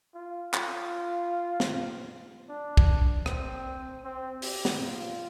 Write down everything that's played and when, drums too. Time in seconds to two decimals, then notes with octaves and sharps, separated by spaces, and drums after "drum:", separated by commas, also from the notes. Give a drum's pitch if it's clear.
0.14 F4
0.54 F4, drum: clap
1.60 drum: snare
2.49 D4
2.77 drum: kick
3.26 C4, drum: rim click
4.04 C4
4.42 G4, drum: open hi-hat
4.65 drum: snare
4.81 F4